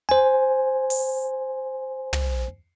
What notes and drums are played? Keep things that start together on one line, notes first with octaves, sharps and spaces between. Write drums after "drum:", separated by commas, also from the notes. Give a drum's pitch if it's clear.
C5 G#5
drum: open hi-hat
drum: tom